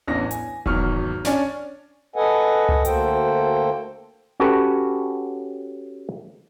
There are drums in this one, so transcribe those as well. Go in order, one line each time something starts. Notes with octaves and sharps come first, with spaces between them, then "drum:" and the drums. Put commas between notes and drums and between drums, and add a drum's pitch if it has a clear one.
A1 E2 C#4 D4 A#6
G#5, drum: hi-hat
G#1 E2 F#3 C#6 F6, drum: kick E1
C#4 D4 C#5 D5 G#5, drum: snare
A4 B4 D#5 F#5 G#5
drum: tom C#2
D2 A#3 F#4 A4 C5 G5, drum: hi-hat
C#4 F#4 G4 A4 B4 C#5